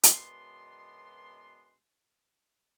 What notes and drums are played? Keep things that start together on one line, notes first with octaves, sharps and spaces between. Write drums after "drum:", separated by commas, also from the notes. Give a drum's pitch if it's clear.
F#2 B2 G#3 B3 D4 C6, drum: hi-hat